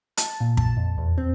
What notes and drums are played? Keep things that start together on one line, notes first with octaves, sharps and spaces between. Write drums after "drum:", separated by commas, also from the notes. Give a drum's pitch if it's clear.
A5, drum: hi-hat
A#2
A5, drum: kick
F2
E2
C4